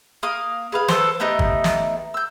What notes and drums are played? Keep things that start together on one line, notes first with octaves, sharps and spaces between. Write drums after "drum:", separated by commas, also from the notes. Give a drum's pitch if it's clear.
A#3 F5 D#6
G#4 B4 F5
A4 B4 C5, drum: snare
A3 B3 D#4 G4
drum: kick G#1
drum: snare
E6 G6